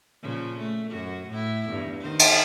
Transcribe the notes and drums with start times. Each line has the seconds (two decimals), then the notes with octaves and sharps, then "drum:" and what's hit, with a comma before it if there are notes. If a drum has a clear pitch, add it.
0.22 A#2 C#3 F3
0.59 A3
0.91 F#2 F#4
1.29 A2 E4
1.70 E2 G2
2.01 D#3 C5
2.19 drum: cymbal